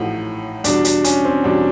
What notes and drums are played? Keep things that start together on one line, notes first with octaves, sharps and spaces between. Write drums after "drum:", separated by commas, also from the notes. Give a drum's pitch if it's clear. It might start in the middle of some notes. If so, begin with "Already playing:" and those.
Already playing: A1 A2 F3 D#4
E2 B2 G3 D4, drum: hi-hat
D4, drum: hi-hat
C#4, drum: hi-hat
C4
E2 B2 G3 D4